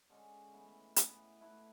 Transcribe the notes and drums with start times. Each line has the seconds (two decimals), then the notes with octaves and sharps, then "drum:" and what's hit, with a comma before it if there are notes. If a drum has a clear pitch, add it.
0.10 D3 G#3 C#4
0.53 A2 E3 B3 E4
0.96 A2 E3 B3 E4, drum: hi-hat
1.41 A3 E4 B4